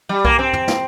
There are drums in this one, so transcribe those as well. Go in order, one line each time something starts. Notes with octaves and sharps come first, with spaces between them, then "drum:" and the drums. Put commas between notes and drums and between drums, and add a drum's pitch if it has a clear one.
G3
A#3, drum: kick C2
C4
drum: tom
drum: snare